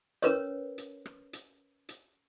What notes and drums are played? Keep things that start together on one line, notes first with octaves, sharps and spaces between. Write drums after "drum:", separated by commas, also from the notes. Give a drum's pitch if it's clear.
C#4 A#4 B4 C#5, drum: hi-hat
drum: hi-hat
drum: rim click
drum: hi-hat
drum: hi-hat